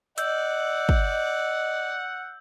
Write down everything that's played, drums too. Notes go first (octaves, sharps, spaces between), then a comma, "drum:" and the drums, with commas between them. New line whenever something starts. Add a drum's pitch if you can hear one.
D5 D#5 F#5 E6 G6, drum: hi-hat
drum: kick